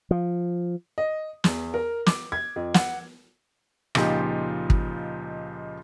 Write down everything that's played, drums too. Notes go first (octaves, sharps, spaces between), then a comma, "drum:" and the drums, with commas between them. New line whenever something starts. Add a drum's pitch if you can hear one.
F3
D#5
E2, drum: snare
A#4
D6, drum: snare
G#6
F2
F#5, drum: snare
C#2 A#2 F3 D#4 G4, drum: rim click
drum: kick